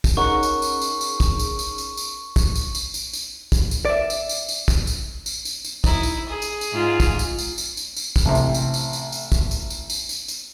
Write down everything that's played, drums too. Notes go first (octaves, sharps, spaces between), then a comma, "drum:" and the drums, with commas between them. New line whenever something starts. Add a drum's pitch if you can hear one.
drum: kick, tambourine
C#4 D#4 G#4 A#4 F#5 C#6
drum: tambourine
drum: tambourine
drum: tambourine
drum: tambourine
drum: kick, tambourine
drum: tambourine
drum: tambourine
drum: tambourine
drum: tambourine
drum: kick, tambourine
drum: tambourine
drum: tambourine
drum: tambourine
drum: tambourine
drum: kick, tambourine
drum: tambourine
D5 E5
drum: tambourine
drum: tambourine
drum: tambourine
drum: kick, tambourine
drum: tambourine
drum: tambourine
drum: tambourine
drum: tambourine
D#4 E4, drum: kick, tambourine
drum: tambourine
G#4
drum: tambourine
drum: tambourine
G#2 F4
drum: kick, tambourine
drum: tambourine
drum: tambourine
drum: tambourine
drum: tambourine
drum: tambourine
drum: kick, tambourine
A1 C3
drum: tambourine
drum: tambourine
drum: tambourine
drum: tambourine
drum: tambourine
drum: kick, tambourine
drum: tambourine
drum: tambourine
drum: tambourine
drum: tambourine
drum: tambourine